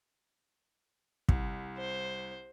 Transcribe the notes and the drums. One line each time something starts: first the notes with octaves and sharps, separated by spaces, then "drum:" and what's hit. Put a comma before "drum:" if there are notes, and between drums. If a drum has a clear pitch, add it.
C2, drum: kick
C5